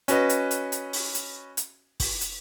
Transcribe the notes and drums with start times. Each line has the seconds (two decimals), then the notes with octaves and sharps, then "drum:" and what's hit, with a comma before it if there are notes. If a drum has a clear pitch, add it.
0.08 C#4 F#4 B4 D#5, drum: hi-hat
0.29 drum: hi-hat
0.51 drum: hi-hat
0.72 drum: hi-hat
0.93 drum: open hi-hat
1.15 drum: hi-hat
1.57 drum: hi-hat
2.00 drum: kick, open hi-hat
2.21 drum: hi-hat